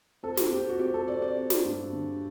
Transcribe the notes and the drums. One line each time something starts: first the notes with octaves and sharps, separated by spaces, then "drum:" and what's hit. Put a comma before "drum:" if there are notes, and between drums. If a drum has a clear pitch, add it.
C4 A4
G4, drum: snare
C4 G4
F#4
C4 G4
A4
C4 D5
D5
C4
drum: snare
G2
D3